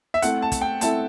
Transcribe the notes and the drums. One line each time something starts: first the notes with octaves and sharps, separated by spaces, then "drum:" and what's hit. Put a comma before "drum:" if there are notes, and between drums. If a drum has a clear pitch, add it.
E5
A3 C4 E4 A4 F#5, drum: hi-hat
A5
drum: kick, hi-hat
G5
A3 C4 E4 A4 A5, drum: hi-hat